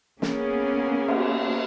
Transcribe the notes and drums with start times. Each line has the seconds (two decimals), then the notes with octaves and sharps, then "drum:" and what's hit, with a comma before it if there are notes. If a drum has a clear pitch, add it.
0.22 A#3 B3 C#4 G#4, drum: snare
1.08 drum: cymbal